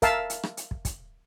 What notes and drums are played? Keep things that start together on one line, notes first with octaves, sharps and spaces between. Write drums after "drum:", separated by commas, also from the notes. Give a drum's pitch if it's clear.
A#4 E5 F5 A5, drum: kick, hi-hat
drum: hi-hat
drum: rim click
drum: hi-hat
drum: kick
drum: kick, hi-hat